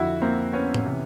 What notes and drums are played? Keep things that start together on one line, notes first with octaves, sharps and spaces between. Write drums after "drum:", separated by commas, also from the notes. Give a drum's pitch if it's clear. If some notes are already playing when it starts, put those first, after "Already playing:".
Already playing: F2 D3 E4 F#4
A#3 C4
B3 C#4
drum: tom A2
C3 E3